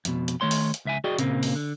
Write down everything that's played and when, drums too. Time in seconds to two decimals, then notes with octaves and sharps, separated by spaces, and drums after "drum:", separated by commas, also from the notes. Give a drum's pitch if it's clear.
0.05 F2 B2, drum: hi-hat
0.28 drum: hi-hat
0.41 D#3 A3 C#5 C6
0.51 drum: open hi-hat
0.74 drum: hi-hat
0.85 C#2 E5 G#5
1.04 F#4 G#4 D5 D#5 G5
1.19 A#2 C#3 A#3 C4, drum: hi-hat
1.43 drum: open hi-hat
1.55 D3